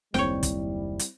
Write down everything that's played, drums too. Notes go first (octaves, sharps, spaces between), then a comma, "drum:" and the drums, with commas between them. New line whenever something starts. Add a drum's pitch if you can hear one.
F#1 D#2 G3 C4 E4 C#5 G5, drum: snare
drum: kick, hi-hat
drum: hi-hat